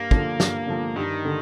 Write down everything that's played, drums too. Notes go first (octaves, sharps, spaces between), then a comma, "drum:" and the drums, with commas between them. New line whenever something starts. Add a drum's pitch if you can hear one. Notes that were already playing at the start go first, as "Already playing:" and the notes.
Already playing: G2 A#3
D3 F3, drum: kick
G2, drum: snare
D3 F3
G2 D#3
D3